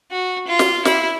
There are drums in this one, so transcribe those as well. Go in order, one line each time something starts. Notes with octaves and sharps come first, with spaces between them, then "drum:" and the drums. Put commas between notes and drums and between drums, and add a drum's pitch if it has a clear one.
F#4
F4
drum: snare
E4, drum: snare